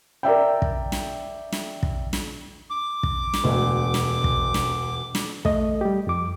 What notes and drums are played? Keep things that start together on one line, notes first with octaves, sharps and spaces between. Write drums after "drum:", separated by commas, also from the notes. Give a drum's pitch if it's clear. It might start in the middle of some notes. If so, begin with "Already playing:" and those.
A#4 D5 E5 G5
drum: kick
drum: snare
drum: snare
drum: kick
drum: snare
D6
drum: kick
drum: snare
E1 D2
drum: snare
drum: kick
drum: snare
drum: snare
A3 D#5, drum: kick
G3 G4
F2 D6